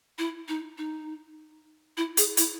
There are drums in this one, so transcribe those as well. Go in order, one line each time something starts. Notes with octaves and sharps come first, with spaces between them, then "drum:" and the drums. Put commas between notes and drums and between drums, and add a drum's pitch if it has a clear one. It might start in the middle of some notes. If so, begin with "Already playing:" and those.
E4
D#4
D#4
E4
G#4, drum: hi-hat
E4, drum: hi-hat